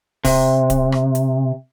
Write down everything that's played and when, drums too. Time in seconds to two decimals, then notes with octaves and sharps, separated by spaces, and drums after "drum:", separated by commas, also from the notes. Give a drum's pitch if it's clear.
0.25 C3, drum: kick D1, open hi-hat
0.70 drum: kick D1, hi-hat
0.92 drum: rim click
1.15 drum: hi-hat